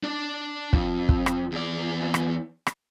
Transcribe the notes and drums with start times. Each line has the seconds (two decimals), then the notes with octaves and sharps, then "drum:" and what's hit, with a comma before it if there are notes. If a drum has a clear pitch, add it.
0.03 D4 D5
0.73 F2, drum: kick
1.09 drum: kick
1.26 drum: rim click
1.52 E2 D5
2.14 drum: rim click
2.67 drum: rim click